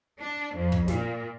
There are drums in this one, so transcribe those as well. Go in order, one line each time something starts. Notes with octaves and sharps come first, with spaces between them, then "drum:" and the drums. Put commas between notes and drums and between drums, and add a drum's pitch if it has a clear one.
D4
F2
drum: kick
A#2, drum: snare